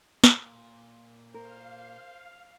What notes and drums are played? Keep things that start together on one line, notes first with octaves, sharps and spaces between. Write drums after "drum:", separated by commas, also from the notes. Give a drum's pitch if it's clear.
A#2, drum: snare
A#4 C5 F5